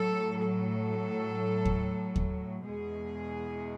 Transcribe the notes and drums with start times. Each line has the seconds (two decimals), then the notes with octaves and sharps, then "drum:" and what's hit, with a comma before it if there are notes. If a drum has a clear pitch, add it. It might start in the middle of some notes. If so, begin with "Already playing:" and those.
Already playing: A2 F#3 A4
0.40 A4
1.65 drum: kick D#2
2.16 drum: kick D#2
2.66 E2 B2 G#3 G#4